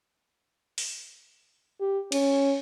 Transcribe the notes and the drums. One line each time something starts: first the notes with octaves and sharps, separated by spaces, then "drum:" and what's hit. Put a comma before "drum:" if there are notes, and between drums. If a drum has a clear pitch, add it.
drum: open hi-hat
G4
C#4, drum: cymbal